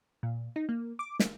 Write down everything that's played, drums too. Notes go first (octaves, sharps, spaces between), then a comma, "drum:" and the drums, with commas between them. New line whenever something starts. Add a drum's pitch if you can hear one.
A#2
D#4
A#3
D6
A#3, drum: snare